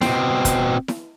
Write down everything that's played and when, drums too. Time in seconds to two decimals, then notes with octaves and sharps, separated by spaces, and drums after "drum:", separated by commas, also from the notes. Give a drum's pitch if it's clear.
0.01 B2 C4, drum: snare E4
0.45 drum: kick, hi-hat
0.88 drum: snare E4